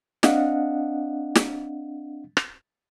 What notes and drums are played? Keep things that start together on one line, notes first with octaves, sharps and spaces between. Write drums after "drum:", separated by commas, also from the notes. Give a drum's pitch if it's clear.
C4 D4 D#5 F5 F#5, drum: snare
drum: snare
drum: rim click